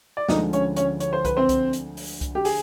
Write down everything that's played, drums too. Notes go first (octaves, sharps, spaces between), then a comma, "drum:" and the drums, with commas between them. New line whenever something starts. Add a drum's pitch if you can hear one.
D5
D2 D3 F3 G#3 D#4 D#5, drum: snare
C#4 C#5, drum: hi-hat
C#4 C#5, drum: hi-hat
C#5, drum: hi-hat
C5
B4, drum: kick C2, hi-hat
C4 C5
drum: kick C2, hi-hat
drum: hi-hat
drum: open hi-hat
drum: kick C2, hi-hat
G4
G#4, drum: open hi-hat